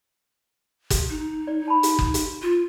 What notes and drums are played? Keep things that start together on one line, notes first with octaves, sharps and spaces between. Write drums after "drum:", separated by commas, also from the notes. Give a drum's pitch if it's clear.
drum: kick F#1, hi-hat
D#4
D5
A5 B5
drum: hi-hat
drum: kick F#1
drum: hi-hat
F4